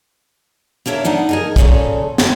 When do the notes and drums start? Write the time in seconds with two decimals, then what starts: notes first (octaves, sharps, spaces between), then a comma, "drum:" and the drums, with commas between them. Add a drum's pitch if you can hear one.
0.86 A#3 D4 A#4 C#5 E5
1.05 B3 D4 D#4 F#5
1.29 G#4 A#4 D#5
1.56 A#2 C#3 C#4 G#4 A4, drum: kick
2.18 G#2, drum: snare